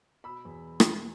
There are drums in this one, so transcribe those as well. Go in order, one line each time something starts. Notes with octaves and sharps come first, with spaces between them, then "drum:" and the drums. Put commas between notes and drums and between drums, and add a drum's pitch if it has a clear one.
B2 B5 E6
E2
drum: rim click